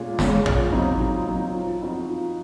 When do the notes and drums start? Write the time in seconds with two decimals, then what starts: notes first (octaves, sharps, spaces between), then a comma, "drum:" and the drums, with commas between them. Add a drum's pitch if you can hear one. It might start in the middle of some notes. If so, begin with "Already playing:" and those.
Already playing: A#2 G#3 C#4
0.19 G#3 C#4, drum: snare
0.46 A#2, drum: tom
0.72 F#3 C4 D#4
1.01 A#2
1.27 F#3 C4 D#4
1.55 F3
1.82 C4 D#4 F#4
2.08 F3